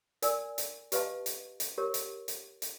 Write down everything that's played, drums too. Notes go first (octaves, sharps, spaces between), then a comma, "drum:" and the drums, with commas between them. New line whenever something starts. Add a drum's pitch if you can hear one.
A#4 D5 G#5 E6, drum: hi-hat
drum: hi-hat
G4 B4 D#5 F5 A5, drum: hi-hat
drum: hi-hat
drum: hi-hat
G4 A#4 C#5
drum: hi-hat
drum: hi-hat
drum: hi-hat